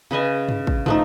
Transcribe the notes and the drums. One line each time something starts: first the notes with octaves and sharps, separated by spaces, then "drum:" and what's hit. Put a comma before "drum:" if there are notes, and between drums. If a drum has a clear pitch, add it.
C#3 B4 D#5 G#5
drum: tom
drum: kick
F3 A3 D#4, drum: tom